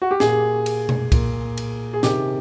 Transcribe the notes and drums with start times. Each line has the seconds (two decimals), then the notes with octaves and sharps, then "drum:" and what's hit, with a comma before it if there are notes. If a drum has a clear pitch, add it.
0.02 F#4
0.11 G4
0.20 A#2 G#4, drum: snare
0.66 drum: cymbal
0.89 drum: tom B2
1.12 A#2, drum: kick, cymbal
1.57 drum: cymbal
1.93 G#4
2.03 C3 D#3 G4, drum: snare